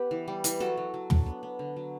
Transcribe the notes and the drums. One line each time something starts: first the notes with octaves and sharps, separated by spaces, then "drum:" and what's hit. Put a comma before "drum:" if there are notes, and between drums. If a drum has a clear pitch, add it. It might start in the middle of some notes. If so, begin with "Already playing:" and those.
Already playing: B3 G4 B4
E3
G3
E3, drum: hi-hat
F#3 F#4 A4
F#3
F#3
D4, drum: tom
B3
B3
D3
F#3